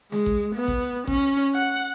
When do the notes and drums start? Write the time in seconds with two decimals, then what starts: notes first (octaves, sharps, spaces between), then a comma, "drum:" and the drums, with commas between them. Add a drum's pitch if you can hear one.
0.12 G#3, drum: snare
0.26 drum: kick A1
0.55 B3
0.68 drum: kick A1
1.07 C#4, drum: kick A1
1.55 F#5